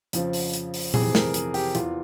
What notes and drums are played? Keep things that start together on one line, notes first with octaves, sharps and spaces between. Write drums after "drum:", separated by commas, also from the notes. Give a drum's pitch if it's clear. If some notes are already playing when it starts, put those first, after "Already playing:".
F2 C#3 F3, drum: hi-hat
drum: open hi-hat
drum: hi-hat
drum: open hi-hat
F2 C3 E3 G#4, drum: tom A#2
A#4, drum: snare
G#4, drum: hi-hat
G4, drum: open hi-hat
E2 E3 F4, drum: hi-hat